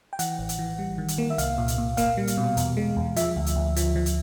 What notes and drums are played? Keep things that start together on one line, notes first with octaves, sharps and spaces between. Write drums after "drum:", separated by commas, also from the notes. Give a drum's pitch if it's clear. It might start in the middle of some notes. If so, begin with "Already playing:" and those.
G5
E3 F#5, drum: hi-hat
A1
drum: hi-hat
E3
G3
D#3
drum: hi-hat
A#3
E5
C2 F5, drum: hi-hat
A#2
drum: hi-hat
A#2
A#3 F5, drum: kick, hi-hat
G3
drum: hi-hat
B2
E2, drum: hi-hat
G#3
E2
F3 E5, drum: hi-hat
D2
drum: hi-hat
D2
F3, drum: hi-hat
F3
drum: hi-hat